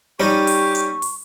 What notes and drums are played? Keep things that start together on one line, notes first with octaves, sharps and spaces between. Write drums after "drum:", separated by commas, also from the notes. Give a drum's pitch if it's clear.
G3 C#4 D#4 G4 C#6
drum: open hi-hat
drum: hi-hat
drum: open hi-hat